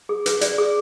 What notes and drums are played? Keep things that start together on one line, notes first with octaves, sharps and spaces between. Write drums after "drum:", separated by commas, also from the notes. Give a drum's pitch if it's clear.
G#4
B4, drum: hi-hat
D5, drum: hi-hat
G#4